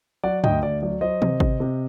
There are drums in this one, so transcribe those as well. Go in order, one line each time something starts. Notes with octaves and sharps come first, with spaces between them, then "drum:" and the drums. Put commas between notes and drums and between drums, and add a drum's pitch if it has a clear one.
F#3 D5 F#5
D2 D#5 G5, drum: tom G2
D2 D5
F#3 D5
F#3 C5 D#5
C3, drum: tom D#3
C3, drum: kick G#1
C3